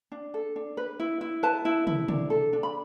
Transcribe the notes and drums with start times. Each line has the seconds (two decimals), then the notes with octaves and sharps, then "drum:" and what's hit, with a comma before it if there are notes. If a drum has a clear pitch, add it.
0.12 D4
0.34 A4
0.56 D4
0.77 B4
1.00 E4
1.21 E4
1.43 B4 A5
1.65 E4
1.87 E4, drum: tom
2.08 D4, drum: tom
2.30 A4
2.53 D4
2.63 B5